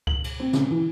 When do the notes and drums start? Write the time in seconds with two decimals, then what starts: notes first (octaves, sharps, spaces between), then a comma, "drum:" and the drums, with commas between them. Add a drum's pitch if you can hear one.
0.07 F#7, drum: kick C#2
0.24 drum: cymbal
0.40 C4
0.53 C#3, drum: snare
0.71 E3